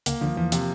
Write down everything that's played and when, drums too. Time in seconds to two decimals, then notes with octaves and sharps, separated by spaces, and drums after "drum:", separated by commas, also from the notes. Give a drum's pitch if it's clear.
0.06 C#2 C#3 A#3, drum: hi-hat
0.21 D2 D3 F3
0.37 E2 E3 F3
0.52 C3, drum: hi-hat